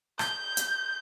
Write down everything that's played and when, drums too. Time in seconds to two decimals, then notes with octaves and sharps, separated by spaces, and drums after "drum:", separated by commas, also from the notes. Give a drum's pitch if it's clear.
0.19 G6, drum: rim click
0.57 drum: hi-hat